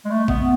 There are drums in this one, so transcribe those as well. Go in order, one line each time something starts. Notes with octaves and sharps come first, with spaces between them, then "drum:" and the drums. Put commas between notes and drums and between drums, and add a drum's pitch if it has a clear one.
G#3
A3
B3, drum: kick